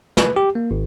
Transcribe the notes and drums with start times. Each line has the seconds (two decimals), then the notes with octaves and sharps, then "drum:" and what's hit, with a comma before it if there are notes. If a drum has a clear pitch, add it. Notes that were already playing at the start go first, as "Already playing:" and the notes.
0.17 B4, drum: snare
0.36 G4
0.55 A#3
0.71 G#1